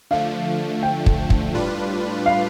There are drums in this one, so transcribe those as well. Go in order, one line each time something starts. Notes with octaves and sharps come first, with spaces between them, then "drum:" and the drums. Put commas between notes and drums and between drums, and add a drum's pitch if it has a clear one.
D3 F3 A3 F5
G5
drum: kick
drum: kick
A2 G3 D4 F4 B4
F5